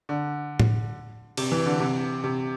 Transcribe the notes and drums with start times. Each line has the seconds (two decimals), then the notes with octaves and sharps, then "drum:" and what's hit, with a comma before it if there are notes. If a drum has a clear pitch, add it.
0.09 D3
0.60 drum: tom A2
1.37 C3, drum: cymbal
1.52 E3
1.66 D3
1.80 C3
2.24 C3